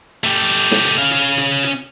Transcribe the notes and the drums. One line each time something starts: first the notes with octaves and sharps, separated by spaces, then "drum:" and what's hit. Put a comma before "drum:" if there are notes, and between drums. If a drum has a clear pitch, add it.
A3 G4
drum: snare
drum: hi-hat
C#4 F5
drum: hi-hat
drum: hi-hat
drum: hi-hat